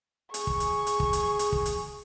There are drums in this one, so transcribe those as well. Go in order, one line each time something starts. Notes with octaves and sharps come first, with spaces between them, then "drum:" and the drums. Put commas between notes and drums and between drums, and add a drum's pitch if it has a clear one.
G#4 C#6, drum: hi-hat
drum: kick
drum: hi-hat
drum: hi-hat
drum: kick
drum: hi-hat
drum: hi-hat
drum: kick
drum: hi-hat